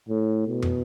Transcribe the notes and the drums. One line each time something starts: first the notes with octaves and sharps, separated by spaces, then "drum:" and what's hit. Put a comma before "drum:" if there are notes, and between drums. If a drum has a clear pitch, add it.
A2
B2
drum: tom